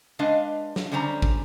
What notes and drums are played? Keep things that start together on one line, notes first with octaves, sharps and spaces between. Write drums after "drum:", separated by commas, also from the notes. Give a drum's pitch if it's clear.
G#3 D4 B4 D#5 F5
drum: snare
D3 G3 C#4 C5 A#5
drum: kick